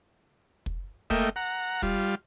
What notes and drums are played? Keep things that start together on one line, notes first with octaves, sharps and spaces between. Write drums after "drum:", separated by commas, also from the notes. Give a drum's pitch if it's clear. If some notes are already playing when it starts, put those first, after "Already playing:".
drum: kick
A3 A#3 D#5 E5 G5, drum: kick
F#5 A#5
G3 F4, drum: kick